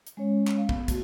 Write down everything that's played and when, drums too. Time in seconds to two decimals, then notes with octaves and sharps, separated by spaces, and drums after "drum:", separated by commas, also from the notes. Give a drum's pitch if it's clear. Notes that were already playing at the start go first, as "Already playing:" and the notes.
0.07 drum: hi-hat
0.17 G#3 C#4 C#5
0.47 drum: clap
0.57 F5
0.69 B3, drum: kick
0.88 A3 F#4, drum: kick, hi-hat